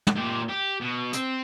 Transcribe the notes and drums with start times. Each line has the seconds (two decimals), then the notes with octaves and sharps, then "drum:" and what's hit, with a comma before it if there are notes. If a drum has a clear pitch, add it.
0.07 drum: tom
0.16 A#2 G4
0.49 G4
0.81 B2
1.13 C4, drum: hi-hat